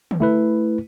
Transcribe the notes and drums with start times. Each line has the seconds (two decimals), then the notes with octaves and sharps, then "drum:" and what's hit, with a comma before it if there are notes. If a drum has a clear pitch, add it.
0.11 drum: tom
0.20 A3 E4 B4